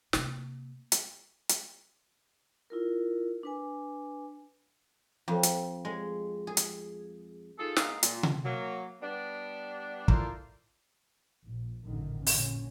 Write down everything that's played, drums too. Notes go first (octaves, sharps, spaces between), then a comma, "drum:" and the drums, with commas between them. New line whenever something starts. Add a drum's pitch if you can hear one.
C3 A#3, drum: snare
drum: hi-hat
drum: hi-hat
E4 F4 A#4
D4 B4 G#5
F2
drum: hi-hat
G#3
G#4
drum: hi-hat
D#3 F4 G#4 A4
G#2 A#3 D#5 F5, drum: snare
A#2, drum: hi-hat
drum: tom C3
F#3 A#3
G3 B3 D4
E4 F4 A4 A#4 C5 D5, drum: kick
A#1
A1 F#2 A#2 D3 D#3
A#2 D3 C#4, drum: open hi-hat